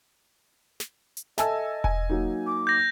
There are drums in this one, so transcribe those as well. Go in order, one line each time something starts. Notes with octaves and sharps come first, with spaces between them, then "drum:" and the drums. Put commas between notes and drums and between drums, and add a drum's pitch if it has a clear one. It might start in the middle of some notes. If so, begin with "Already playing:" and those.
drum: snare
drum: hi-hat
A4 D#5 E5 G#5 A5 E6, drum: snare
G#5, drum: kick E1
F#3 A#3 D#4
D6
G6 A#6